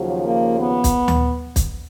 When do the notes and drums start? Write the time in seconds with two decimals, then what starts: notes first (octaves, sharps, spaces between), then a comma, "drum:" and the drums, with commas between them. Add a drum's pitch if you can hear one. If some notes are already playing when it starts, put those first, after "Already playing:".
Already playing: D#2 C#3 F3 F#3
0.24 A#3
0.60 B3
0.84 drum: kick, hi-hat
1.08 drum: tom D2
1.56 drum: kick, hi-hat